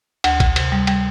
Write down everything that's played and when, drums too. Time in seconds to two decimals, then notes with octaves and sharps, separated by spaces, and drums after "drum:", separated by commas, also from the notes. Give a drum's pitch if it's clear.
0.24 D2, drum: cymbal
0.40 D2, drum: kick, cymbal
0.56 C3, drum: cymbal
0.72 G3
0.87 G3, drum: cymbal